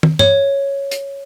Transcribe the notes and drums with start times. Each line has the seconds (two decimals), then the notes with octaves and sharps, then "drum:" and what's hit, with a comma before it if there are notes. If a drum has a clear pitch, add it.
0.03 drum: tom
0.19 C#5, drum: tom
0.91 drum: hi-hat